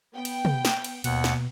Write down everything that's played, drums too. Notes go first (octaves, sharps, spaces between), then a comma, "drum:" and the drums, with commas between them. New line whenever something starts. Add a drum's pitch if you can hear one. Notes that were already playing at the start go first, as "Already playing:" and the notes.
B3 G5
drum: cymbal
drum: tom
drum: snare
drum: cymbal
D#2 B2 F#5, drum: cymbal
drum: snare